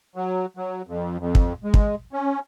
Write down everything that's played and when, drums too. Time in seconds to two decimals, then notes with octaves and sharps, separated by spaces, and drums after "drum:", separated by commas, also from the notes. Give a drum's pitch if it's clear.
0.15 F#3
0.57 F#3
0.87 F2
1.19 F2
1.35 drum: kick
1.64 G#3
1.74 drum: kick
2.13 C#4